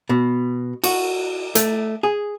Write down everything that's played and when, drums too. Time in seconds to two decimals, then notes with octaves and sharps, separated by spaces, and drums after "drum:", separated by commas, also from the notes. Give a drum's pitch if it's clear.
0.09 B2
0.84 F#4, drum: cymbal
1.55 A3, drum: hi-hat
2.03 G#4